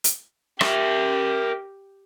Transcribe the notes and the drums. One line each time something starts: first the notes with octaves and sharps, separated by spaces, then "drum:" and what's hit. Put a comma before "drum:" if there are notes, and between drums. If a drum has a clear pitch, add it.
drum: hi-hat
G4 A#4 E5, drum: rim click